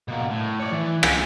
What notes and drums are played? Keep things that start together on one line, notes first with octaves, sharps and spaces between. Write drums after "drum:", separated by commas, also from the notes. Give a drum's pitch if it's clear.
B2 A#3
A2
C#5 D5
E3
D2 G#5, drum: rim click